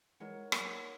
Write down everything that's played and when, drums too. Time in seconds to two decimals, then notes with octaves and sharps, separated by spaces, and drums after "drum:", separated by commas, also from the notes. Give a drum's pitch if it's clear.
0.20 E3 G#3 D#4 A#4 C#5 F#5
0.52 F#3 A#3 D#4 A#4 C#5 F#5, drum: rim click